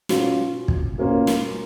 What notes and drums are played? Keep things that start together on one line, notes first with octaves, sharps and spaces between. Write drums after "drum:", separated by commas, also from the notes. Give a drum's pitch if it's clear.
B2 F#3 C#4 F4, drum: snare
drum: kick
B2 A#3 C#4 F4
drum: snare